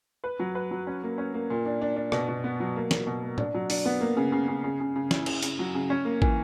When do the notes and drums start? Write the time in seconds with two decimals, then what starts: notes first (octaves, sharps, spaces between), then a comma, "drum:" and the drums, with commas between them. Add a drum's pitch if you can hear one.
0.24 B4
0.39 F#3
0.55 B4
0.71 F#3
0.87 C#4
1.03 A#3
1.18 C#4
1.34 A#3
1.50 A#2
1.66 D4
1.81 D4
1.96 D4
2.12 B2, drum: rim click
2.28 B2
2.44 B3
2.60 F#3
2.76 A#3
2.91 A#3, drum: snare
3.07 B2
3.23 A#3
3.38 D4, drum: tom A2
3.54 F#3
3.70 D4, drum: open hi-hat
3.85 B3
4.01 A#3
4.17 C#3
4.32 C#3
4.48 C#3
4.64 C#3
4.80 C#3
4.96 C#3
5.11 E4, drum: snare
5.26 C#3, drum: cymbal
5.43 C#3, drum: hi-hat
5.59 F#3
5.75 C#3
5.90 C#4
6.05 A#3
6.22 E3, drum: kick